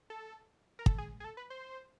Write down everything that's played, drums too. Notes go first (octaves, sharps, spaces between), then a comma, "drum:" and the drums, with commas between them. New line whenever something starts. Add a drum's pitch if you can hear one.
A4
A#4
A4, drum: kick
G#4
G#4
A4
B4
C5